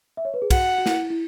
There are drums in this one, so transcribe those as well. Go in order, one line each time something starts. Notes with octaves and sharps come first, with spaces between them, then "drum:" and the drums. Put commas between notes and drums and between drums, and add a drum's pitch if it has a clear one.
E5
C#5
B4
G#4
F#4 F#5, drum: kick, cymbal
F#4
E4, drum: snare
E4